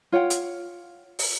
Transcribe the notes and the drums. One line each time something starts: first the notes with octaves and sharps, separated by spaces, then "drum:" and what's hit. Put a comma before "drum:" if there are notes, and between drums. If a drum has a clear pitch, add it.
F4 C#5 F#5 G5
drum: hi-hat
drum: open hi-hat